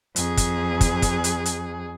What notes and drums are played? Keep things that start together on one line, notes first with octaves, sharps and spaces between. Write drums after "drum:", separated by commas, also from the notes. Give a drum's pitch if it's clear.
F2 G#4, drum: hi-hat
drum: kick, hi-hat
drum: kick, hi-hat
drum: kick, hi-hat
drum: hi-hat
drum: hi-hat